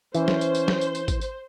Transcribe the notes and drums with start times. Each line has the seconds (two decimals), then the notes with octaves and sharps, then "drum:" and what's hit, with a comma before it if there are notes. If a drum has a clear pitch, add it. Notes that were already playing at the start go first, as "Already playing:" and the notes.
0.14 E3 C#4 C5, drum: tambourine
0.28 drum: snare
0.41 drum: tambourine
0.55 drum: tambourine
0.68 drum: snare
0.81 drum: tambourine
0.95 drum: tambourine
1.08 drum: kick, tambourine
1.21 drum: tambourine